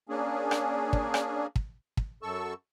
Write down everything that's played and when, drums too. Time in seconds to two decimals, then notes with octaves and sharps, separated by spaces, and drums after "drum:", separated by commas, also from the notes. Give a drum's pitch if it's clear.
0.09 A#3 C#4 D4 G#4
0.51 drum: rim click
0.93 drum: kick
1.14 drum: rim click
1.56 drum: kick
1.97 drum: kick
2.23 F#2 A4 C#6 E6